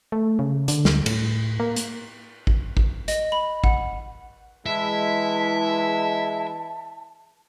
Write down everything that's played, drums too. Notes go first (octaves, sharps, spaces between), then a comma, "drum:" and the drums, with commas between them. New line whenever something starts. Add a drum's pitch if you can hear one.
A3
C#3
D3, drum: hi-hat
D2, drum: snare
A2, drum: cymbal
A#3
drum: hi-hat
drum: kick
drum: kick
D#5, drum: hi-hat
B5
F#5, drum: kick
E3 G#3 E4 E5 A5